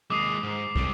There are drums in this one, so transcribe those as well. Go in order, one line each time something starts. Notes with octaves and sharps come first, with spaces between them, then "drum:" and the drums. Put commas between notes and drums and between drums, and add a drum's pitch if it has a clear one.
D#2 G#3 D6 D#6 C7
G#2
C2 G3, drum: kick